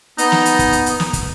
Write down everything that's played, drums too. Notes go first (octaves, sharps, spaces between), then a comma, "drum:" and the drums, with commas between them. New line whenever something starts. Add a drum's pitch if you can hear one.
B3 D#4, drum: hi-hat
drum: snare
drum: hi-hat
drum: kick, hi-hat
drum: hi-hat
drum: hi-hat
drum: snare
drum: kick, hi-hat